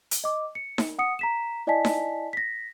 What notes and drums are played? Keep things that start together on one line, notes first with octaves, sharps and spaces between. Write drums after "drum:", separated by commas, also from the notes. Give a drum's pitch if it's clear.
drum: hi-hat
D#5 D6
C#7
drum: snare D#4
F#5 D#6 C#7
A#5 B6 E7
E4 D5 D#5 G#5 A5 B6
drum: snare D#4
A#6 B6